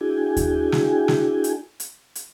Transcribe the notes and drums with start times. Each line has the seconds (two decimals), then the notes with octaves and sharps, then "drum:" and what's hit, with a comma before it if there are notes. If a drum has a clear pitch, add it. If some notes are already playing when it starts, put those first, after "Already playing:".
0.01 D4 E4 F#4 G#4 G5 G#5
0.37 drum: kick D#2, hi-hat
0.72 drum: snare
1.08 drum: snare
1.44 drum: hi-hat
1.80 drum: hi-hat
2.15 drum: hi-hat